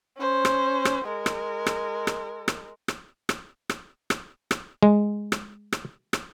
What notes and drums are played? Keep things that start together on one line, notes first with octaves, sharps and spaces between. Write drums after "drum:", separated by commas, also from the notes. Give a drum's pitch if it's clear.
C#4 C5
drum: rim click
drum: rim click
G#3 A#4
drum: rim click
drum: rim click
drum: rim click
drum: rim click
drum: rim click
drum: rim click
drum: rim click
drum: rim click
drum: rim click
G#3
drum: rim click
drum: rim click
drum: rim click